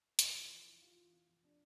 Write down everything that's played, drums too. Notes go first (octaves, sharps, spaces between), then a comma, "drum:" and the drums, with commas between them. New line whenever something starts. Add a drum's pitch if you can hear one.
E3 F4, drum: hi-hat
F2
C3
E3
E3 F4
E3
C3
F2
C3 D4